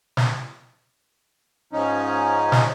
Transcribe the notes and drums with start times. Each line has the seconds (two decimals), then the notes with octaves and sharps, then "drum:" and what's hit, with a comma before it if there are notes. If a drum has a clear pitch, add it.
0.17 drum: snare
1.73 G#2 F3 C#4 D#4
2.52 drum: snare